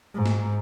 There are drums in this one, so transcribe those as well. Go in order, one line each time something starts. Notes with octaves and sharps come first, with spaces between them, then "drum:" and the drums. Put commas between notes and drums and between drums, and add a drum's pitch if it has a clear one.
G#2
drum: snare